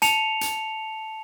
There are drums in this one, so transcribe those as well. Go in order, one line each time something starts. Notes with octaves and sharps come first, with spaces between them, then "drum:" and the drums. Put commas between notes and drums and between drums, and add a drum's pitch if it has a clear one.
A5 C#7 F7, drum: hi-hat
drum: hi-hat